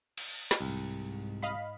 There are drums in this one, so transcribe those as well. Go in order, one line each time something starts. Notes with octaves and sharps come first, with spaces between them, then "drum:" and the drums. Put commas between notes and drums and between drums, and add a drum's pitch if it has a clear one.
drum: cymbal
drum: snare
C2 G#2
D#5 F5 B5